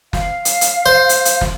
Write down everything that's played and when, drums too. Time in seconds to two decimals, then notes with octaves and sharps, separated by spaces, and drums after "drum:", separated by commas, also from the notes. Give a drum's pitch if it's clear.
0.13 F5, drum: snare
0.45 drum: hi-hat
0.61 drum: hi-hat
0.86 C5
1.09 drum: hi-hat
1.25 drum: hi-hat
1.41 drum: snare